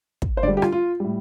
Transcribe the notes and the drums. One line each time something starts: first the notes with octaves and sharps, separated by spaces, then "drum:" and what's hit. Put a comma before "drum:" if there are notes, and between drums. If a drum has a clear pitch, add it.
drum: kick
C5
D3 G3 D5
G4
F4, drum: rim click
F4
A2 G3